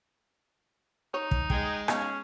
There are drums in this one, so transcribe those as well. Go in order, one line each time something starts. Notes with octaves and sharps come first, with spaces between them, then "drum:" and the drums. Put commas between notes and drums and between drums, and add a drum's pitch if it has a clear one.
D#4 C#5
drum: kick
G#3 G#4 G5, drum: kick
B3 C#4 D#4 F5, drum: rim click